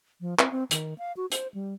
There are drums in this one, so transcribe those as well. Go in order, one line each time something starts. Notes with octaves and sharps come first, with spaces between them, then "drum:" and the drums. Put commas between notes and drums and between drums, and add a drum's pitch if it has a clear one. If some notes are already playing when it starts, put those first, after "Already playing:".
F3
C4, drum: clap
C4
D#3, drum: hi-hat
F5
F#4
C5, drum: hi-hat
G3